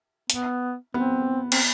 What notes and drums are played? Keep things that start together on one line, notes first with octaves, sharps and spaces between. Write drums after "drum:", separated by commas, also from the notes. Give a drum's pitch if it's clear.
B3, drum: hi-hat
B3 C4
C4, drum: cymbal